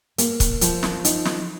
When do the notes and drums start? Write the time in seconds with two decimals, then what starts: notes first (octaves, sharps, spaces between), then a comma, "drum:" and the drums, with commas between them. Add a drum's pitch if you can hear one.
0.18 A#3, drum: hi-hat
0.40 drum: kick, hi-hat
0.61 F3, drum: hi-hat
0.83 drum: snare
1.05 D#4, drum: hi-hat
1.25 drum: snare